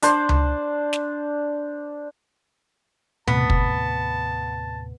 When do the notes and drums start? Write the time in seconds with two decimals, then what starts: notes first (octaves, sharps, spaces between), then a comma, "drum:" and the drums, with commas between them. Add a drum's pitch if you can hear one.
0.02 D4 C5, drum: hi-hat
0.29 drum: tom C#2
0.93 drum: snare
3.27 D#2 A2 C3 B3 A5, drum: tom B2
3.50 drum: kick